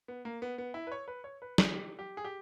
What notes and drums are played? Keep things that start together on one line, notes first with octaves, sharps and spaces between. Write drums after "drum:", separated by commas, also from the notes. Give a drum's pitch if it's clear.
B3
A#3
B3
B3
E4
B4
C#5
B4
C#5
B4
G#4, drum: snare
G4
G4
G#4
G4